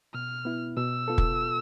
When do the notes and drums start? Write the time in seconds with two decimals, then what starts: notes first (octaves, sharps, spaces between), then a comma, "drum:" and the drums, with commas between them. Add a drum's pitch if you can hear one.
0.14 B2 F6
0.45 B3 E4
0.77 B2 E6
1.08 B3 F4 A4
1.18 drum: kick